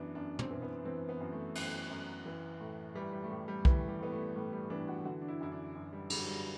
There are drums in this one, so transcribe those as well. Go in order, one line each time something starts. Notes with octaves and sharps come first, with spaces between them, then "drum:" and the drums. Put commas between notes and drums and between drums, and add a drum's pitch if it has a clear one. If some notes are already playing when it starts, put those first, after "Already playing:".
Already playing: F#2 E3 B3 D4
F#2 D4
C4, drum: tom
E3
B3
E3 C4
B3
F#2
A3
F#2, drum: cymbal
F#2
E3
A2
E3 G3
G3
A3
A2 G3
G3
E3, drum: kick B1
G3
A2 B3
A3
A2 G3
G3
E3 D4
F#4
D3 F#4
D4
E4
F#2 E4
D4
F#2
G3
D3 G3, drum: cymbal
F#3
G3